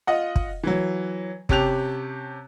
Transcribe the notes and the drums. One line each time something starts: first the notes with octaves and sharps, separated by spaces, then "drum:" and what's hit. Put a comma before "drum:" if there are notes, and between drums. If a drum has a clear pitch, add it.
F4 D#5 F#5
drum: kick
E3 F#3
C3 C#4 G4 A5 F#6 F7, drum: kick